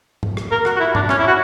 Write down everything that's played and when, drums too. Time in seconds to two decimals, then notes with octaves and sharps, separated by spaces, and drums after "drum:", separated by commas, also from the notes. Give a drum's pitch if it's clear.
0.23 drum: tom G#2
0.37 drum: rim click
0.51 A#4
0.65 F#4, drum: rim click
0.76 F#4
0.80 E4
0.95 D4, drum: tom G#2
1.09 C#4, drum: rim click
1.19 E4
1.27 F#4